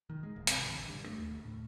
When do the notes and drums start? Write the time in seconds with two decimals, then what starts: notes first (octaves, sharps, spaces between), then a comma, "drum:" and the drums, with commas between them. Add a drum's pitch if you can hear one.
0.10 D#3
0.23 G#3
0.36 D1
0.47 C3, drum: hi-hat
0.62 A1
0.75 D3
0.88 G2
1.06 A3
1.19 D#2
1.31 D2
1.45 A2